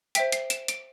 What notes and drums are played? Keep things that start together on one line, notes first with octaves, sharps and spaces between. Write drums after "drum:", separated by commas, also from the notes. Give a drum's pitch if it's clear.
C5 E5 G5 B6, drum: hi-hat
C7, drum: hi-hat
E7, drum: hi-hat
D7, drum: hi-hat